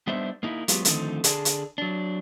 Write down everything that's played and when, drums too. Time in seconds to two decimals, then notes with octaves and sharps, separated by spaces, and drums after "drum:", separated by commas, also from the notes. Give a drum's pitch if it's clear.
0.07 G3 B3 D4 D#4 C5 E5
0.43 A#3 D#4 E4
0.68 F#3 G#3 B3 F4 G4, drum: hi-hat
0.85 D3 D#3 F3 A3 C4 D#4, drum: hi-hat
1.24 D3 G#4 D5 A5, drum: hi-hat
1.45 drum: hi-hat
1.78 F#3 D4